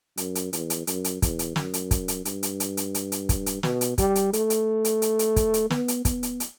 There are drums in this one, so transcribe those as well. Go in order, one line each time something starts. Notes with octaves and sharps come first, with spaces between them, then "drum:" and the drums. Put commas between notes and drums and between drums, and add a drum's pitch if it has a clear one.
F#2, drum: hi-hat
drum: hi-hat
E2, drum: hi-hat
drum: hi-hat
F#2, drum: hi-hat
drum: hi-hat
E2, drum: kick, hi-hat
drum: hi-hat
F#2, drum: snare
drum: hi-hat
drum: kick, hi-hat
drum: hi-hat
G2, drum: hi-hat
drum: hi-hat
drum: hi-hat
drum: hi-hat
drum: hi-hat
drum: hi-hat
drum: kick, hi-hat
drum: hi-hat
B2, drum: snare
drum: hi-hat
G3, drum: kick, hi-hat
drum: hi-hat
A3, drum: hi-hat
drum: hi-hat
drum: hi-hat
drum: hi-hat
drum: hi-hat
drum: kick, hi-hat
drum: hi-hat
B3, drum: snare
drum: hi-hat
B3, drum: kick, hi-hat
drum: hi-hat
drum: hi-hat